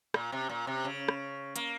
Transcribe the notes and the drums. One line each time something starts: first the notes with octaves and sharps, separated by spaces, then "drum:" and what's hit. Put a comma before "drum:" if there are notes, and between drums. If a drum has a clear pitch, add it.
A#2, drum: rim click
C3
A#2
C3
C#3
drum: rim click
A#3, drum: hi-hat